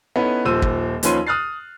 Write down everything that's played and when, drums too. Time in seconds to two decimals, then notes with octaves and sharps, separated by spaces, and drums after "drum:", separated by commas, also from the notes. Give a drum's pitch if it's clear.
0.16 B3 C#4 D#4 E4 A4 B4
0.45 D#1 F3 C5 E6 D#7
0.62 drum: kick
1.03 D#2 F3 C#4 B4 C6 D#7, drum: hi-hat
1.27 D#6 F6 F#6 A6 C7